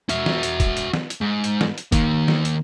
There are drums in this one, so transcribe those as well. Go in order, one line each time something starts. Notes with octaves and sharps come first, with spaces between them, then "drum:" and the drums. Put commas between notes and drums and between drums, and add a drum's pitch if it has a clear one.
F#4 E5, drum: hi-hat
drum: snare
drum: hi-hat
drum: kick, hi-hat
drum: hi-hat
drum: snare
drum: hi-hat
G#2
drum: hi-hat
drum: snare
drum: hi-hat
D#3 A#3, drum: kick, hi-hat
drum: snare
drum: hi-hat